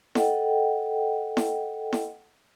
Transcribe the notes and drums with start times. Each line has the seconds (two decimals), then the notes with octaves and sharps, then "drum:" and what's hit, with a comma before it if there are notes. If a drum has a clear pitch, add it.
0.15 A4 D#5 F#5 G5, drum: snare E4
1.37 drum: snare E4
1.93 drum: snare E4